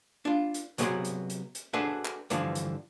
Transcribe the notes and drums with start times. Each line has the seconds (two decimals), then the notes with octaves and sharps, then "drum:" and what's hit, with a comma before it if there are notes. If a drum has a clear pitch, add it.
0.25 D4 F4
0.54 drum: hi-hat
0.78 C3 F#3 B3 G#4 D5 C6, drum: hi-hat
1.05 drum: hi-hat
1.30 drum: hi-hat
1.55 drum: hi-hat
1.73 D4 F#4 G#4 A4 B4 C5
2.05 drum: clap
2.30 G2 D3 E3 F3, drum: hi-hat
2.55 drum: hi-hat